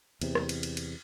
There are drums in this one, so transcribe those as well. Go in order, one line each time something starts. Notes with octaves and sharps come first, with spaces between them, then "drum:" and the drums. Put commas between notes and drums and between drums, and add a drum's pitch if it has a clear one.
E2 C3, drum: cymbal
drum: rim click
drum: cymbal
drum: cymbal
drum: cymbal